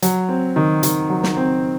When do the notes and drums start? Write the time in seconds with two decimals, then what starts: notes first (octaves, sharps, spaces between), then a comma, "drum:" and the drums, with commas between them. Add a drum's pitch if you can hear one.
0.02 F#3, drum: hi-hat
0.29 C4
0.56 D#3
0.83 D#3, drum: hi-hat
1.10 F#3
1.23 drum: snare
1.37 C4